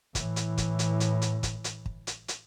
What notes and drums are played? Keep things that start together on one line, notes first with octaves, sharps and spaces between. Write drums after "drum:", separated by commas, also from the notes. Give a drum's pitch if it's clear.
A2 E3, drum: kick, hi-hat
drum: hi-hat
drum: kick, hi-hat
drum: hi-hat
drum: hi-hat
drum: hi-hat
drum: kick, hi-hat
drum: hi-hat
drum: kick
drum: hi-hat
drum: hi-hat